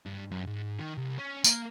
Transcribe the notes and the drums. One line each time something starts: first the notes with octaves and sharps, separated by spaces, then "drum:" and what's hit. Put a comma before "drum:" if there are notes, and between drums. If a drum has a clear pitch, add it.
G2
F#2
G#2
D#3
C2
C#4
A#3, drum: tambourine